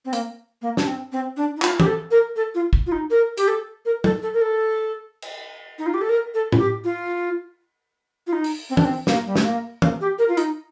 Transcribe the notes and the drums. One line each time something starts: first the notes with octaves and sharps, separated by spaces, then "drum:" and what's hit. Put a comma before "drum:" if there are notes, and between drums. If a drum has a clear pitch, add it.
C4
A#3, drum: hi-hat
A#3
D4, drum: snare
C4
C4
D4
D#4
F4, drum: clap
G4, drum: tom
A4
A#4
A4
F4
drum: kick
F4
D#4
A#4
G4, drum: hi-hat
A4
A#4
A4, drum: tom
A4
A#4
A4
drum: cymbal
D#4
F4
G4
A4
A#4
A4
F4, drum: tom A2
G4
F4
F4
D#4
drum: open hi-hat
C4
D4, drum: tom
C4
A#3, drum: snare
G3
A3, drum: snare
A#3
A#3, drum: tom
G4
A#4
F4
D#4, drum: hi-hat